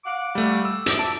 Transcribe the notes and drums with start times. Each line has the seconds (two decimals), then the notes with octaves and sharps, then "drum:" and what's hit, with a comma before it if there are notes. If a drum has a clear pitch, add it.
0.04 F5 F#5 D6
0.35 G3 A3
0.65 E6
0.86 E5 D6, drum: hi-hat
0.99 A5